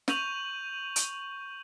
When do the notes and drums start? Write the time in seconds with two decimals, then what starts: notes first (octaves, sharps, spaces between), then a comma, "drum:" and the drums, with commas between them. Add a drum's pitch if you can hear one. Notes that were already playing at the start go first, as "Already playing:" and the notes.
0.08 C#6 G6 D#7 F7 F#7, drum: snare
0.96 drum: hi-hat